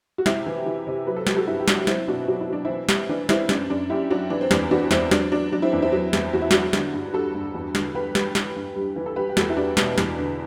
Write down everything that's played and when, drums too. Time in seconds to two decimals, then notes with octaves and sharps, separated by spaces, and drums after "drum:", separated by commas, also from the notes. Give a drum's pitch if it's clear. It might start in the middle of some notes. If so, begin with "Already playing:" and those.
0.18 F#4
0.26 C3 E4 G4, drum: snare
0.46 E3
0.66 E3
0.87 C3
1.07 F#3 B4
1.16 A4
1.27 F#3 G4, drum: snare
1.36 F#4 A4
1.47 G2 E4 G4
1.60 G4
1.68 F#3 D4 F#4, drum: snare
1.84 F#4
1.87 F#3 C4 E4, drum: snare
2.08 B2 D4 F#4
2.28 F#3 F#4
2.40 E4
2.49 F#3 D4
2.65 E3 C4 E4
2.89 G3, drum: snare
3.09 E3 D4
3.29 E3 C4 E4, drum: snare
3.49 F#2 D4, drum: snare
3.70 F#2 D4
3.90 F#2 E4 G4
4.10 F#3 D4 F#4
4.30 E3 D4
4.41 C4
4.51 E2 D4, drum: snare
4.71 E2 D4 F#4
4.91 E2 C4 E4, drum: snare
5.11 F#3 D4, drum: snare
5.32 F#3 D4
5.52 F#3 D4
5.62 C4 E4
5.72 E2 D4
5.82 C4 E4
5.92 F#3
6.13 E2, drum: snare
6.33 E2 F#4
6.42 E4
6.51 F#3 D4 F#4, drum: snare
6.73 D3, drum: snare
6.93 G2
7.14 G3 F#4 A4
7.34 G2
7.54 E2
7.75 D3, drum: snare
7.95 G3 G4 B4
8.15 G3, drum: snare
8.35 E3, drum: snare
8.56 G2
8.75 G3
8.96 E3
9.06 A4
9.16 G3 G4 B4
9.29 G4
9.37 E2 F#4 A4, drum: snare
9.49 E4
9.57 G3 D4 F#4
9.77 B2, drum: snare
9.98 E2, drum: snare
10.18 D3